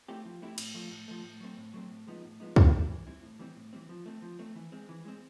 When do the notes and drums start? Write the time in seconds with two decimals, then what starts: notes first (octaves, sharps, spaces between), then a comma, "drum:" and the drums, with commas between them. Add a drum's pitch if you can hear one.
0.08 A3 C4 E4 G4
0.25 F3
0.42 A3 C4 E4 G4
0.58 A2, drum: cymbal
0.74 F3 A3
0.91 A2
1.08 F3 A3
1.24 A2
1.40 F#3 A3 C4
1.57 A2
1.74 F#3 A3 C4
1.91 A2
2.07 F3 G#3 B3 D#4
2.24 A2
2.40 F3 G#3 B3 D#4
2.56 E3, drum: kick
2.73 G3 C4 E4
2.89 E3
3.07 G3 C4 E4
3.23 A2
3.39 E3 G3 C4
3.56 A2
3.73 E3 G3 C4
3.89 F3
4.06 A3 C4
4.22 F3
4.39 A3 C4
4.55 E3
4.72 G#3 C4
4.89 E3
5.05 G#3 C4